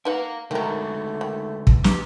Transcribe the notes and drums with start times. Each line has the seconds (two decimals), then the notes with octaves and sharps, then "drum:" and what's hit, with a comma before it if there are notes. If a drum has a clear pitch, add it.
0.05 D#4 A#4 B4 F5 F#5
0.51 D3 D#3 G#3 A3 F#4 A#4
1.21 D#3
1.67 drum: kick
1.84 B2 G4, drum: snare